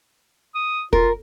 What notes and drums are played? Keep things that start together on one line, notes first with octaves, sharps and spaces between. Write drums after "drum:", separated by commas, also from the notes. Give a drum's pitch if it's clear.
D#6
F4 A#4, drum: kick